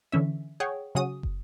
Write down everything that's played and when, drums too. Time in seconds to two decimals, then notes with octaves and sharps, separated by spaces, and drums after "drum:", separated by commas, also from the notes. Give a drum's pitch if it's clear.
0.12 D3 E3 C#4 E5
0.60 G#4 C#5 F#5 G5
0.95 C#3 F#3 C#4 F#4 D#6
1.23 drum: kick